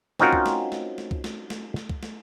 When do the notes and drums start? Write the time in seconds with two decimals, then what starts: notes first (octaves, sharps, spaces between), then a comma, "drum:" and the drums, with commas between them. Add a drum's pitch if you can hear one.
0.19 C4 C#4 D#4 F4 F#4 A#4, drum: snare
0.33 drum: kick C2
0.46 drum: snare
0.72 drum: snare
0.98 drum: snare
1.11 drum: kick C2
1.24 drum: snare
1.50 drum: snare
1.76 drum: snare
1.90 drum: kick C2
2.03 drum: snare